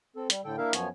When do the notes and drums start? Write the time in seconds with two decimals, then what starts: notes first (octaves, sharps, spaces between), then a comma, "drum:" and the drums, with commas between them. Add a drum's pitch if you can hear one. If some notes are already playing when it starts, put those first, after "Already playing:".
0.16 C4 A4
0.30 G3, drum: hi-hat
0.45 A2 D3 A4 G5
0.58 A#3 D4 E4 A#4 E5 F5
0.73 F#2 F3 B3 C#5 G#5, drum: hi-hat